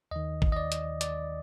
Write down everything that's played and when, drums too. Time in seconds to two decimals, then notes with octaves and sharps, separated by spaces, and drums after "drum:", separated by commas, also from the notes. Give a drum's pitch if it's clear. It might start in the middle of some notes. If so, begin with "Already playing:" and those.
0.11 D#2 D#3 D#5
0.42 drum: kick
0.52 D#5
0.57 D5
0.72 drum: hi-hat
1.01 D5, drum: hi-hat